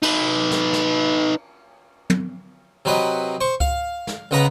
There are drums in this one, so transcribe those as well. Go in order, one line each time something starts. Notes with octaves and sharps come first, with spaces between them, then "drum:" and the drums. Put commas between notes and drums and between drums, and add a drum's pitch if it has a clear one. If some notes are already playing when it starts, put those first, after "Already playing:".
D#4 B4, drum: cymbal
drum: snare
drum: snare
drum: tom
C3 F#3 B4 D#5
C5 C#6
F5, drum: kick C#2
drum: snare
C#2 C#3 B3 B4 A#5